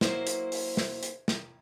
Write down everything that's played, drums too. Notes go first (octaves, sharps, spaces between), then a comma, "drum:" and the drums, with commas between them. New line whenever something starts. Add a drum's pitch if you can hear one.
F#3 A#3 E4 C5, drum: snare
drum: hi-hat
drum: open hi-hat
drum: snare
drum: hi-hat
drum: snare